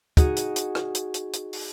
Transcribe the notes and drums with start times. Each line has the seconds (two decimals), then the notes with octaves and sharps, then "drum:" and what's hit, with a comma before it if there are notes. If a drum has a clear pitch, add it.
0.17 D#4 F#4 G#4, drum: kick, hi-hat
0.36 drum: hi-hat
0.56 drum: hi-hat
0.75 drum: rim click
0.95 drum: hi-hat
1.14 drum: hi-hat
1.33 drum: hi-hat
1.53 drum: open hi-hat